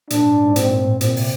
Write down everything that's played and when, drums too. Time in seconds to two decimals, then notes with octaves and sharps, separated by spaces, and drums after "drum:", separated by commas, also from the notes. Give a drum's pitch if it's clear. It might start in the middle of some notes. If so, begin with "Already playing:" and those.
0.10 A#2 D4, drum: hi-hat
0.22 G#2
0.45 G#2
0.56 G#2 C4, drum: hi-hat
0.68 A#2
0.79 A2
1.01 A#2 C4, drum: hi-hat
1.12 C3
1.16 B2, drum: open hi-hat